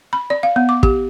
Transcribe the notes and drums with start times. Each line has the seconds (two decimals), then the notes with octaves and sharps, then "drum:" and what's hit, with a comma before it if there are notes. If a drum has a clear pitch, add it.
0.13 B5
0.30 D5
0.43 F5
0.56 B3
0.69 D6
0.83 G4, drum: kick